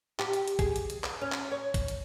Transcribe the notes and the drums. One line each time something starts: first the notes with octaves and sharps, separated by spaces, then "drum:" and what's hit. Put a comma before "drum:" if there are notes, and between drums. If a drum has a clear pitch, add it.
G4, drum: clap
drum: hi-hat
drum: hi-hat
G#4, drum: kick, hi-hat
drum: hi-hat
drum: hi-hat
drum: clap
C#4
drum: clap
C#5
drum: kick, hi-hat
drum: hi-hat